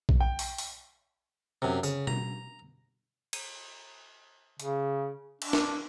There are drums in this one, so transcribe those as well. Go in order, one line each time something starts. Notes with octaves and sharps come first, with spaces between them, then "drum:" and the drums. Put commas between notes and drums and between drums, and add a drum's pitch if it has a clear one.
drum: kick A#1
G5
drum: open hi-hat
drum: open hi-hat
F#2 C3
C#3, drum: tambourine
A#5, drum: tom
drum: cymbal
C#3, drum: hi-hat
D4, drum: cymbal
drum: snare